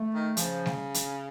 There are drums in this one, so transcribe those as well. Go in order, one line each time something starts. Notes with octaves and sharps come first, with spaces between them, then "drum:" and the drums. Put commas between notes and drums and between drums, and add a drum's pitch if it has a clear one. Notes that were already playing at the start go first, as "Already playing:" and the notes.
Already playing: A3
D#3
C#3 F3, drum: hi-hat
drum: snare G3
drum: hi-hat